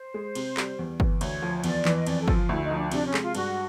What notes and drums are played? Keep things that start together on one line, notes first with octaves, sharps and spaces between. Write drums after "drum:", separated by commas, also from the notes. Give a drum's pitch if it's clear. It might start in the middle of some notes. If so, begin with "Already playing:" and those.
Already playing: C5
G#3
C3, drum: cymbal
G3, drum: clap
E2
E3, drum: kick G1
D2 C#5, drum: cymbal
F3
C#5
E2 D5, drum: cymbal
E3, drum: clap
D#5
F2 D5, drum: cymbal
A4
F3, drum: kick G1
F4
D2 E4
D#4
F3
D4
C3 D4, drum: cymbal
C#4
G#3, drum: clap
F4
G2 F#4, drum: cymbal